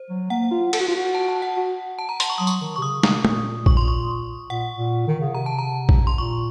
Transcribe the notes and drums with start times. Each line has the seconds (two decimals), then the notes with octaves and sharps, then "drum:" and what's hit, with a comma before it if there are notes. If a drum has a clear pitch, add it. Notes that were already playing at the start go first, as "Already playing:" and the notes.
Already playing: C5
0.10 F#3
0.30 A#3 F#5
0.51 F4
0.73 A4, drum: cymbal
0.80 F#4
0.88 F4
0.96 F#4
1.15 A5
1.28 A5
1.42 F#5
1.56 F#4
1.99 A5
2.09 A#5
2.20 C6, drum: hi-hat
2.30 C#6
2.38 F#3 D#6
2.47 C#6, drum: tambourine
2.61 D#3
2.76 C3 C#6
2.82 C#3 D#6
3.03 C3, drum: snare
3.25 A#2, drum: tom
3.66 C#6, drum: kick A#1
3.77 C6
3.88 C#6
4.50 A#2 F#5
4.77 A#2
5.08 D#3
5.21 C#3
5.34 C3 A#5
5.46 A5
5.59 A#5
5.89 drum: kick A#1
6.07 C6
6.18 A#2 C#6